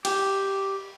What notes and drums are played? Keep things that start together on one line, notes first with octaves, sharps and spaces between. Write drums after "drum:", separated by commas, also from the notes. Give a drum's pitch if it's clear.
G4, drum: cymbal